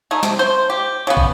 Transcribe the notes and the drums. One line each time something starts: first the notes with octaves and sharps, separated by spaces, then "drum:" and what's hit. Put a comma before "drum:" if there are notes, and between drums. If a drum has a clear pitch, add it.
A3 D#4 G#4
C3, drum: snare
C5
G4
C#3 B3
drum: kick